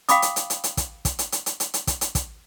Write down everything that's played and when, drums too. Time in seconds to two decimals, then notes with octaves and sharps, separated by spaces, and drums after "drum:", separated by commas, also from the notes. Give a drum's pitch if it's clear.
0.09 F5 G5 B5 D6 D#6, drum: hi-hat
0.22 drum: hi-hat
0.36 drum: hi-hat
0.50 drum: hi-hat
0.64 drum: hi-hat
0.77 drum: kick, hi-hat
1.05 drum: kick, hi-hat
1.19 drum: hi-hat
1.32 drum: hi-hat
1.46 drum: hi-hat
1.60 drum: hi-hat
1.74 drum: hi-hat
1.87 drum: kick, hi-hat
2.01 drum: hi-hat
2.15 drum: kick, hi-hat